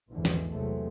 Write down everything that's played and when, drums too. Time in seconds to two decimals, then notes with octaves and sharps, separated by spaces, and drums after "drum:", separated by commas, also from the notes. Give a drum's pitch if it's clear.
0.11 A#1 E2 G#2 B2 D3 E3
0.25 drum: snare
0.52 E2 C3 F#3 G#3 A3